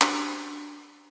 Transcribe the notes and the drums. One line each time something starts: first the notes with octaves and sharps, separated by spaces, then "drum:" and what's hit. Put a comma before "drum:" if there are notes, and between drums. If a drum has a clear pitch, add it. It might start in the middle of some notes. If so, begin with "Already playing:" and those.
D4 F#4 G4 C5, drum: clap